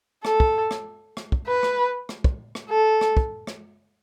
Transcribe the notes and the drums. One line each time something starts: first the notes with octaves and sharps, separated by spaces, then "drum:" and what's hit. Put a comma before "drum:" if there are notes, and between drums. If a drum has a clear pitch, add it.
A4, drum: rim click
drum: kick
drum: rim click
drum: rim click
drum: kick
B4
drum: rim click
drum: rim click
drum: kick
drum: rim click
A4
drum: rim click
drum: kick
drum: rim click